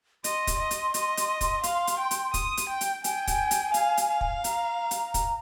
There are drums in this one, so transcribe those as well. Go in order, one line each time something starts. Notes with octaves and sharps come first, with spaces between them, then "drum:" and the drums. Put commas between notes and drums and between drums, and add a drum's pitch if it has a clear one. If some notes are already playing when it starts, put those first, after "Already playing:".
D#5 C6, drum: hi-hat
drum: kick, hi-hat
D#5
drum: hi-hat
D#5, drum: hi-hat
drum: hi-hat
drum: kick, hi-hat
F5, drum: hi-hat
drum: hi-hat
G5
drum: hi-hat
D#6, drum: kick, hi-hat
drum: hi-hat
G5
drum: hi-hat
G5 G#5, drum: hi-hat
drum: kick, hi-hat
drum: hi-hat
F5, drum: hi-hat
drum: hi-hat
F5
drum: kick
A#5, drum: hi-hat
drum: hi-hat
drum: kick, hi-hat